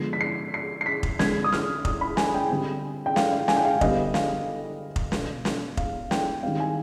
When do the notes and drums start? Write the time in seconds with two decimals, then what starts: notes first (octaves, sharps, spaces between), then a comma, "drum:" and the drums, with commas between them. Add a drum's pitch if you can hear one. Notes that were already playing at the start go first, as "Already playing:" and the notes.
Already playing: D3 F3 G#3 B3 C7
0.13 B6
0.21 C7
0.54 C7
0.81 C7
0.86 B6
1.03 drum: kick F1
1.19 D3 G#3 C4 G#6, drum: snare
1.44 D#6
1.52 F6, drum: snare
1.85 D#6, drum: kick F1
2.01 B5
2.17 G#5, drum: snare
2.34 G5
2.50 D3 G3 C4
3.06 G5
3.16 F5, drum: snare
3.33 F5
3.48 G#5, drum: snare
3.56 G5
3.65 F5
3.81 D3 G3 B3 D#5, drum: kick F1
4.14 F5, drum: snare
4.96 drum: kick F1
5.12 B2 B3, drum: snare
5.45 drum: snare
5.77 F5, drum: kick F1
6.11 G5, drum: snare
6.43 D#3 G3 C4 F5
6.60 G#5